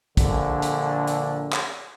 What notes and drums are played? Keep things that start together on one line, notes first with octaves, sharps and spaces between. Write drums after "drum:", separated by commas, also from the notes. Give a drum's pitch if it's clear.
A#1 D3, drum: kick, hi-hat
drum: hi-hat
drum: hi-hat
drum: clap